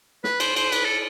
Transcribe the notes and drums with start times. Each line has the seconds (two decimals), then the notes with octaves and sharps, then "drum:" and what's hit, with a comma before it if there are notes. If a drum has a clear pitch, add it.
0.24 B4, drum: snare
0.40 C5, drum: cymbal
0.56 C5, drum: cymbal
0.72 B4, drum: cymbal
0.85 A4